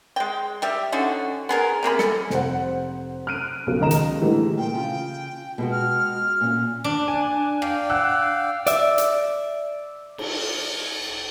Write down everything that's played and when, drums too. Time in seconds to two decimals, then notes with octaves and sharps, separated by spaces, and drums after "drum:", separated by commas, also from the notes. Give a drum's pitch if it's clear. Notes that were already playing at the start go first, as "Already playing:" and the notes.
0.16 G#3 G5
0.62 G3 G4 E5
0.92 D3 C#4 D#4 F#4
1.49 B3 G#4 A#4
1.83 C3 A#3 G#4 B5
1.99 A4, drum: snare
2.30 F1 C5 F#5, drum: snare
3.27 F6 F#6 D7 D#7
3.67 B1 C#3 F#3
3.80 C#2 D#3 D#5 A#5 E7
3.91 drum: hi-hat
4.21 A2 D3 E3 G3 G#3
4.58 A#2 C5 G5
4.73 C#3 F4
5.58 B2 G#3 F#4
5.72 F6
6.41 A#2 C#4
6.84 D4
7.08 G#5
7.62 D5 F5 G5, drum: rim click
7.90 F#5 E6 F#6
8.67 D5 E5, drum: hi-hat
8.98 drum: hi-hat
10.18 drum: cymbal